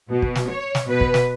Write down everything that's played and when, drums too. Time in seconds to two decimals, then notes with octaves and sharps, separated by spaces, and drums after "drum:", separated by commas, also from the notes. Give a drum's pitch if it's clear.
0.09 B2
0.22 drum: kick
0.35 drum: snare
0.49 C#5
0.75 drum: snare
0.88 B2 B4
1.01 drum: kick
1.14 drum: snare